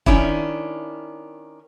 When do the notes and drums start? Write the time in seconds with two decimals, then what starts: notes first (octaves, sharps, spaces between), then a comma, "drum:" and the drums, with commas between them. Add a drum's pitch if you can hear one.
0.06 D#3 C#4 D4 E4, drum: kick